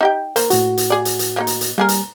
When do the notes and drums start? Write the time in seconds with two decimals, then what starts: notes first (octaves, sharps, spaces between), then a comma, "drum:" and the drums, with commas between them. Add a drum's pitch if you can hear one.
0.01 D#4 G4 G5
0.36 A#3 A#4 C5, drum: hi-hat
0.50 A2 F#4, drum: hi-hat
0.77 drum: hi-hat
0.90 G#4 D5
1.05 drum: hi-hat
1.19 drum: hi-hat
1.36 F3 A#3 D#4
1.47 drum: hi-hat
1.61 drum: hi-hat
1.78 G3 A#3 G#4 A#4
1.89 drum: hi-hat